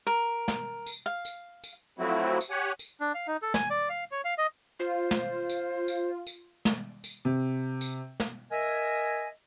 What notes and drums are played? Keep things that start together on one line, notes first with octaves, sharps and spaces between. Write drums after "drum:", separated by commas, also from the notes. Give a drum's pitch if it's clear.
A#4
drum: snare
drum: tambourine
F5
drum: tambourine
drum: tambourine
F3 F#3 A3 C4 E4 F#4
drum: tambourine
G4 C#5 F#5 G#5
drum: tambourine
D4
F5
D#4
A4
G#5, drum: snare
D5
F5
C#5
F5
D#5
F4 C5
drum: snare
drum: tambourine
drum: tambourine
drum: tambourine
drum: snare
drum: tambourine
C3
drum: tambourine
drum: snare
A#4 D#5 E5 G#5